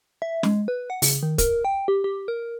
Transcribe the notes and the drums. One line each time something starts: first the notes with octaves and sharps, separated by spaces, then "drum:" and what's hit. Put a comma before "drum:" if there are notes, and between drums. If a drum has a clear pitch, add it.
E5
G#3, drum: snare
B4
F#5
C#3, drum: open hi-hat
D#3
A#4, drum: kick, hi-hat
G5
G4
G4
A#4